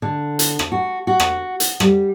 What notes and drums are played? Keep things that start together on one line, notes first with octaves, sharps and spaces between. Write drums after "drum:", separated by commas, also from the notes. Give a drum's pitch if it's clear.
D3
drum: hi-hat
drum: rim click
F#4
F#4
drum: rim click
drum: hi-hat
G3, drum: rim click